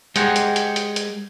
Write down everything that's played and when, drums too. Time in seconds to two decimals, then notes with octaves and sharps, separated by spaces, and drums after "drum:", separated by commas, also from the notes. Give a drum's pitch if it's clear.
0.16 G#3 G4 G#4 A#4 C5 F#5, drum: hi-hat
0.36 drum: hi-hat
0.56 drum: hi-hat
0.76 drum: hi-hat
0.96 drum: hi-hat